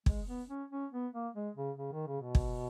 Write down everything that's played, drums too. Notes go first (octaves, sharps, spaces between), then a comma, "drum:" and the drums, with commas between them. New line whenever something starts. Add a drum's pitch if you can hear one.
G#3, drum: kick
B3
C#4
C#4
B3
A#3
G#3
C#3
C#3
D#3
C#3
B2
drum: kick